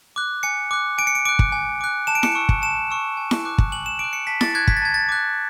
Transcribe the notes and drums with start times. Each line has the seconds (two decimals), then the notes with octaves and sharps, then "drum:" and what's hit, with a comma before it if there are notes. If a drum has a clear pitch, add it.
0.16 D6 F#6
0.43 G#5 C#7
0.71 D6 F#6
0.98 G#5 D7
1.07 C#7
1.15 D7
1.25 D6 F#6 D7
1.39 drum: kick
1.52 G#5
1.81 D6 F#6
2.07 A5 E7
2.15 D7
2.23 C#7, drum: snare E4
2.32 C#6 E6 D7
2.49 drum: kick
2.62 A5 E7
2.90 C#6 E6
3.17 G#5
3.31 drum: snare E4
3.45 D6 F#6
3.58 drum: kick
3.72 G#5 F#7
3.86 E7
3.99 D6 F#6 D7
4.13 C#7
4.27 A5 B6
4.41 A6, drum: snare E4
4.54 D6 F#6 G#6
4.68 B6, drum: kick
4.77 A6
4.82 A5 G#6
4.94 A6
5.09 D6 F#6